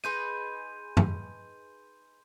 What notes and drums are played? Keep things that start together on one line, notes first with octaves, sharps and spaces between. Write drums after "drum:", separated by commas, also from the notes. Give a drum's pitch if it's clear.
D#4 G#4 B4 C6 G6 D#7
drum: tom F#2